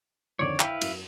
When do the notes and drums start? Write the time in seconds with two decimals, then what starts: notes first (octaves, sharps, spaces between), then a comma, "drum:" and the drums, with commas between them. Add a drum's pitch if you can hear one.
0.39 F2 D3 D#3 C#5 D5
0.60 E4 B4 F5 G5, drum: clap
0.81 F#2, drum: cymbal